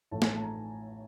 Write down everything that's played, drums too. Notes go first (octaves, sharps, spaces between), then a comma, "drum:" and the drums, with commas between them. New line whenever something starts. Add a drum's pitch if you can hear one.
A1 A2 F3 A3 A5
G#5, drum: snare
A5
A#5